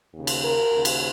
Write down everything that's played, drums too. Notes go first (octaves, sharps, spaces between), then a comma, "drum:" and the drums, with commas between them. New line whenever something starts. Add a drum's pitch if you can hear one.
D#2 C#3
drum: cymbal
A#4
D#2 C#3
drum: cymbal